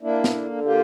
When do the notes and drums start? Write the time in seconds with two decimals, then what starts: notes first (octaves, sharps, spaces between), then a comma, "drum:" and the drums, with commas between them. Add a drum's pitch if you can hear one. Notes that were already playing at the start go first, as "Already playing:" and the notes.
0.02 A#3 D4 E4
0.24 drum: snare
0.34 D3
0.64 A#3 F4 G4